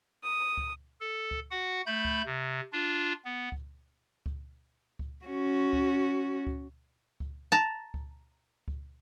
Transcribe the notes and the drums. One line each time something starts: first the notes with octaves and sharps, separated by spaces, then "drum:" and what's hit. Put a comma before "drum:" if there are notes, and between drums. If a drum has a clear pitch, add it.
D#6
drum: kick C#2
A4
drum: kick C#2
F#4 F#5
A3 B5 G6
drum: kick C#2
C3
D4 F4
B3
drum: kick C#2
drum: kick C#2
drum: kick C#2
C#4 F#4
drum: kick C#2
drum: kick C#2
drum: kick C#2
A5 A#5
drum: kick C#2
drum: kick C#2